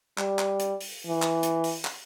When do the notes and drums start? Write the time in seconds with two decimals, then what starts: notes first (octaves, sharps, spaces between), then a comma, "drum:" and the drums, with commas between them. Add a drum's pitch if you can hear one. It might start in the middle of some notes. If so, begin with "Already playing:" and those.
0.18 G3, drum: clap
0.39 drum: clap
0.60 drum: hi-hat
0.81 drum: open hi-hat
1.07 E3
1.22 drum: clap
1.43 drum: hi-hat
1.64 drum: open hi-hat
1.85 drum: clap